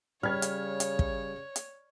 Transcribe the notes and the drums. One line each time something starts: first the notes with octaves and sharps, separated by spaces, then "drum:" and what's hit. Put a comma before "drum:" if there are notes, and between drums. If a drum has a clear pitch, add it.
C#3 G3 C#5 F6 G#6
drum: hi-hat
drum: hi-hat
drum: kick
drum: hi-hat